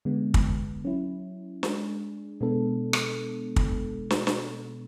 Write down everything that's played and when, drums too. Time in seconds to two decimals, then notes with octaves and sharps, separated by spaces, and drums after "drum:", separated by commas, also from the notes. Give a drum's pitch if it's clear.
0.05 D3 G#3 B3
0.34 drum: kick
0.84 F#3 C#4 E4
1.63 G#3 D4 G#4, drum: snare
2.41 B2 G#3 B3 D4 A4
2.93 drum: rim click
3.56 drum: kick
4.10 drum: snare
4.27 drum: snare